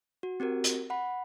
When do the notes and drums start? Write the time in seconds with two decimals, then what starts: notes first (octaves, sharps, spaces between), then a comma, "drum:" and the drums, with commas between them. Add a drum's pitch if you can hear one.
0.23 F#4
0.40 C4 F#4 G4 A#4
0.64 drum: hi-hat
0.90 F#5 B5